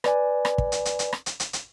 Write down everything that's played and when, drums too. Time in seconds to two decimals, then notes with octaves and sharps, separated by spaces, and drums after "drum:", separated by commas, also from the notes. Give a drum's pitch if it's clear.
0.04 B4 D5 G#5, drum: rim click
0.45 drum: rim click
0.58 drum: kick
0.72 drum: hi-hat
0.85 drum: hi-hat
0.99 drum: hi-hat
1.13 drum: rim click
1.26 drum: hi-hat
1.40 drum: hi-hat
1.53 drum: hi-hat